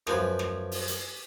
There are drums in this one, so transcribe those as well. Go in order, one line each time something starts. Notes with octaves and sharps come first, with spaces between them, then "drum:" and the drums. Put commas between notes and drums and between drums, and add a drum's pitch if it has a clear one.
F#2 F3 B4 G#5, drum: rim click
drum: rim click
drum: open hi-hat
drum: hi-hat